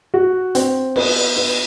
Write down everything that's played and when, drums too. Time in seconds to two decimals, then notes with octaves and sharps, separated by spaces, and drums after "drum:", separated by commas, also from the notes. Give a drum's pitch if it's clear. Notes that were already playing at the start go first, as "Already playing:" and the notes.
0.14 F#4
0.55 C4, drum: hi-hat
0.96 B3, drum: cymbal
1.36 B3